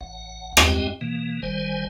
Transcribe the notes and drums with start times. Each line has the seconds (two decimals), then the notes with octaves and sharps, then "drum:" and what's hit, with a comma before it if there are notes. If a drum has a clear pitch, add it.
0.01 A1 F#5
0.57 F#2 G#3 C4 G4 D#5 G5, drum: rim click
1.01 B2 E3 A#3
1.43 G1 D#3 G3 C5 G#5